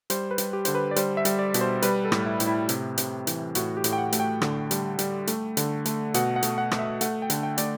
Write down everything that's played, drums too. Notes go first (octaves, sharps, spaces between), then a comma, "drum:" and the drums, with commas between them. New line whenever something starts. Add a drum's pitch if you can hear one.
G3 C5, drum: hi-hat
B4
G3, drum: hi-hat
G4
D3 C5, drum: hi-hat
B4
D5
G3 C5, drum: hi-hat
E5
G3, drum: hi-hat
D5
B2, drum: hi-hat
C5
G3 B4, drum: hi-hat
A4
A2, drum: rim click
E4
A2, drum: hi-hat
E4
C3, drum: hi-hat
C3, drum: hi-hat
E3, drum: hi-hat
A2 F#4, drum: hi-hat
G4
A2, drum: hi-hat
G5
F#5
A3, drum: hi-hat
G5
D3, drum: rim click
G3, drum: hi-hat
G3, drum: hi-hat
A3, drum: hi-hat
D3, drum: hi-hat
A3, drum: hi-hat
B2 F#5, drum: hi-hat
F#5
A3, drum: hi-hat
F#5
A3, drum: rim click
E5
A3 F#5, drum: hi-hat
G5
D3, drum: hi-hat
G5
A3 D5, drum: hi-hat